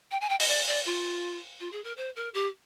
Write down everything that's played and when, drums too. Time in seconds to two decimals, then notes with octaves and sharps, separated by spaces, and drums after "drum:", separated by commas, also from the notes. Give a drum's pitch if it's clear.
0.11 G5
0.21 G#5
0.29 G5
0.40 D#5, drum: open hi-hat
0.48 D5
0.67 D5
0.85 F4
1.60 F4
1.72 G#4
1.84 A#4
1.97 C5
2.16 A#4
2.34 G4